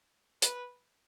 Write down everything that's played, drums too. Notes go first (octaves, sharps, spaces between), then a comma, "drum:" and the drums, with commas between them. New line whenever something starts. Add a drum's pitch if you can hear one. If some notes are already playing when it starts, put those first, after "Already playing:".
B4, drum: hi-hat